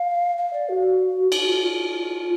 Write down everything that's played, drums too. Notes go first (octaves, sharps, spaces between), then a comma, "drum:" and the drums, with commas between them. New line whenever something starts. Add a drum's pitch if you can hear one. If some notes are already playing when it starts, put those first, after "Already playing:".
Already playing: F5
F5
D5
F#4
F#4, drum: cymbal
F4
F#4
F4